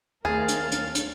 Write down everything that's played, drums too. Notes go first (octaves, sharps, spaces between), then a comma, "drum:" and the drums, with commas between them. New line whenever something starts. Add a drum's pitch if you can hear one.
D#2 A3 C4 G#4 A#4 F5 A5
drum: hi-hat
drum: hi-hat
drum: hi-hat